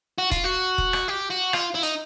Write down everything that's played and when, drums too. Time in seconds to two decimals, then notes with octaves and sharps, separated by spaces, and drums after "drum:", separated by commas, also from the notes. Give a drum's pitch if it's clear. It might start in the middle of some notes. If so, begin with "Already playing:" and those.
0.18 F#4
0.31 F4, drum: kick, hi-hat
0.44 F#4
0.78 drum: kick
0.93 drum: rim click
1.08 G4
1.30 F#4
1.53 F4, drum: rim click
1.75 E4
1.83 D#4, drum: hi-hat